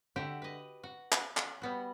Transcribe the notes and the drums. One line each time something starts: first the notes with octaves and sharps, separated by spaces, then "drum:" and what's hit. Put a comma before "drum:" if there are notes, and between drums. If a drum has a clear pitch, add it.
D3 F#4 G4 E5 G5
B4 D#5
F#4
drum: clap
drum: clap
G3 B3 F#4